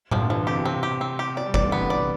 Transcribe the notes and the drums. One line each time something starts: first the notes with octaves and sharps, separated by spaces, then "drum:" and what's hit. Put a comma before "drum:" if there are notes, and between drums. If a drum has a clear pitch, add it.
C3 F3, drum: tom A2
D3
E3 F3
D3
C3 G4
B2
C3 C4
G4
C4
G4
B2 D5
G3
E3 D5, drum: kick
D3
C3 B3
D5